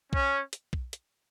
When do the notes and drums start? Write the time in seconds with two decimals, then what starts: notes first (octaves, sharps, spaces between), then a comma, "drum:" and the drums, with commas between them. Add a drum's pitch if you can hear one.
0.13 C#4, drum: kick B1
0.53 drum: hi-hat
0.73 drum: kick B1
0.93 drum: hi-hat